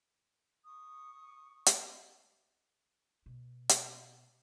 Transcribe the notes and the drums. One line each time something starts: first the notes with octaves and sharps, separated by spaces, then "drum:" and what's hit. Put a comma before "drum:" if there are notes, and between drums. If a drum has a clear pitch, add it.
C#6 D#6
drum: hi-hat
B2
drum: hi-hat